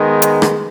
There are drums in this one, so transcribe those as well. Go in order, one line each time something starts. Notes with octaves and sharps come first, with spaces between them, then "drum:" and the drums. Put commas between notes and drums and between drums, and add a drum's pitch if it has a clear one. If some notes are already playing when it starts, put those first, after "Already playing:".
Already playing: D#3 G#3 B3
drum: hi-hat
drum: rim click